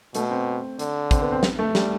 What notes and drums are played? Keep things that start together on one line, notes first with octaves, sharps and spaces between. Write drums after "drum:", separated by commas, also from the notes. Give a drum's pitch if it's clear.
B2 A3, drum: hi-hat
C4
D3, drum: hi-hat
C4, drum: kick, hi-hat
B3
C4
B3, drum: snare
A3
G3, drum: snare